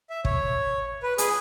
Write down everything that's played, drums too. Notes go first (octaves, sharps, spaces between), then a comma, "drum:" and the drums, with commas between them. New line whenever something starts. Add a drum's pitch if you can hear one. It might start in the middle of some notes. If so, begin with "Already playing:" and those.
E5
C#5, drum: kick
B4
G#4, drum: hi-hat